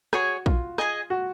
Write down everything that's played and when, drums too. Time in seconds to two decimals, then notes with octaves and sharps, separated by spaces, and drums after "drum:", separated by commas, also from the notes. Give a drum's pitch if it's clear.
0.13 F#4 G#4 C#5 G#5, drum: rim click
0.46 F4, drum: kick
0.78 G#4 D#5 G#5, drum: rim click
1.10 F#4